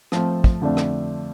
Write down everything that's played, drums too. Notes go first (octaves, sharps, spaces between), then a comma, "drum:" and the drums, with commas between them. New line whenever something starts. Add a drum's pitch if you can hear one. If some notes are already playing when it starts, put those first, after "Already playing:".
F3 A3 C4, drum: rim click
drum: kick
F2 D3 F3 A3 D4
drum: rim click